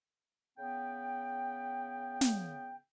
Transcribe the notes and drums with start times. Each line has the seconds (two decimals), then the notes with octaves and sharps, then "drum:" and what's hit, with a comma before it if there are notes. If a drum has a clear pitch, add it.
0.57 C#3 B3 G5
2.21 drum: snare